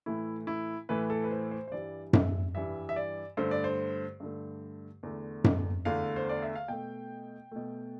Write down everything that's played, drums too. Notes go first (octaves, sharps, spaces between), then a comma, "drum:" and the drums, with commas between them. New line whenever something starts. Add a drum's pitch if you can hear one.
A2 E3 A3 E4
E4
A2 E3 A3 B4
A4
B4
C5
C5
C5
G2 E3 G3 D5
E5, drum: tom F#2
G2 E3 G3 E5
E5
D5
G2 D3 A3 C5
D5
C5
G2 D3 A3
E2 D3 A3
drum: tom F#2
E2 D3 A3 F5
C5
D5
E5
F5
B2 A3 G5
B2 A3